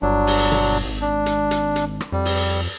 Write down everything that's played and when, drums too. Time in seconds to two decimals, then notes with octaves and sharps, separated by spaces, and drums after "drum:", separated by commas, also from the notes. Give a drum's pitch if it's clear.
0.02 G1 F#3 D4
0.27 drum: open hi-hat
0.52 drum: tom B2
0.84 G#1
1.01 D4
1.26 drum: hi-hat
1.51 drum: hi-hat
1.76 drum: hi-hat
2.00 drum: rim click
2.12 F2 G3
2.25 drum: open hi-hat